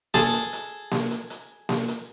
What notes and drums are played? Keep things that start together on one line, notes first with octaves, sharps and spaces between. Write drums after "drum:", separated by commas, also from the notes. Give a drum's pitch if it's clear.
G#4 A4 A5, drum: snare A#3
drum: hi-hat
drum: hi-hat
drum: snare A#3
drum: hi-hat
drum: hi-hat
drum: snare A#3
drum: hi-hat